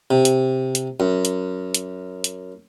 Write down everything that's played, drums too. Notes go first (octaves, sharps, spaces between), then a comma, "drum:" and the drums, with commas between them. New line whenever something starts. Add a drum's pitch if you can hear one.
C3
drum: hi-hat
drum: hi-hat
F#2
drum: hi-hat
drum: hi-hat
drum: hi-hat